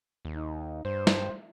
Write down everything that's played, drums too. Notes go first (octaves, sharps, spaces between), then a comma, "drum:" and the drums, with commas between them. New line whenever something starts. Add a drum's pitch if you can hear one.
D#2
D#4
G2 C5
drum: snare